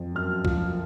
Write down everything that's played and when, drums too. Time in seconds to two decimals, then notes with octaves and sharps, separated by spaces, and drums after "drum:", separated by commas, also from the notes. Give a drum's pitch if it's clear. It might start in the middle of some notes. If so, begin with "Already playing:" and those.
Already playing: F2
0.15 F#2 F6
0.45 F3, drum: kick C2